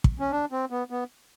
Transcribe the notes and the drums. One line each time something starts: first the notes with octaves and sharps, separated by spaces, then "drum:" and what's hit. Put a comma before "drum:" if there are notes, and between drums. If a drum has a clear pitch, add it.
drum: kick
C#4
D4
C4
B3
B3